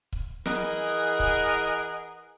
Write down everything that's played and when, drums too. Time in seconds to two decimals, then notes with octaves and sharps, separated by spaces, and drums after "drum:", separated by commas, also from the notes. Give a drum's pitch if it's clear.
0.13 drum: kick C#1
0.46 E3 G#4 A#4 D#5 F#5, drum: snare
1.20 drum: kick C#1